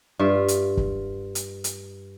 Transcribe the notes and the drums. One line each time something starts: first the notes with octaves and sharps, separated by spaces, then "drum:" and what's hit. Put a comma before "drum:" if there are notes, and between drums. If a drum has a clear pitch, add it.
G2 F4 E5
drum: hi-hat
drum: kick
drum: hi-hat
drum: hi-hat